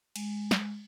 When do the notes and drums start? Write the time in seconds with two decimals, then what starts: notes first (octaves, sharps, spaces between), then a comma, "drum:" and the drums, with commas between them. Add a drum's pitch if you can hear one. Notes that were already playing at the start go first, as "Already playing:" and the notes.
0.16 G#3, drum: cymbal
0.51 drum: snare